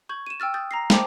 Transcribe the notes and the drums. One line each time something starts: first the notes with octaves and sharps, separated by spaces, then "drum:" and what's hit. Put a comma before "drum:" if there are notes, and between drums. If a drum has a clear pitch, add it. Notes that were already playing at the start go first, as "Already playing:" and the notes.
C#6 G6 G#6 F#7
D#7 E7
G5 E6 F6 A6
D#6 G6 A6
A#5 A#6 C7
C5 G5 A5 D6 G6, drum: snare